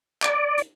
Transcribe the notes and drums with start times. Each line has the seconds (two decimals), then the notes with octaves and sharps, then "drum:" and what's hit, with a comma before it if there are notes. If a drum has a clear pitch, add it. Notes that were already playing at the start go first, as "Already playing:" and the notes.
0.22 D5, drum: clap
0.57 drum: hi-hat